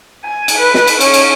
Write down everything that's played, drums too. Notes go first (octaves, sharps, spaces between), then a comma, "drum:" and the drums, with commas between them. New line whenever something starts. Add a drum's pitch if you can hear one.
G#5
drum: cymbal
B4
drum: snare
drum: cymbal
C#4, drum: cymbal
drum: cymbal